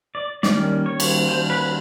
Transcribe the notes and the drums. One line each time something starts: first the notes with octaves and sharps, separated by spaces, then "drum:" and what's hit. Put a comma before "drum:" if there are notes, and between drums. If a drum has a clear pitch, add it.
D5
D#3 G3 A#3 C#4 D5, drum: snare
C#5
drum: cymbal
C5
B4